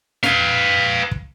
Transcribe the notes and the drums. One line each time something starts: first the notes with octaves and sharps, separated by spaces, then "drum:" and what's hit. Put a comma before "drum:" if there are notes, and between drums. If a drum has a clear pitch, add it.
B4 F5, drum: snare
drum: kick